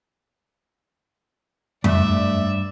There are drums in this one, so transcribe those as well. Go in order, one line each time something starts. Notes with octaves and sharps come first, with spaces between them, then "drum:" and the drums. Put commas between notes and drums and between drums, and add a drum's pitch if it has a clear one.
G2 A3 D5 E5, drum: tom F2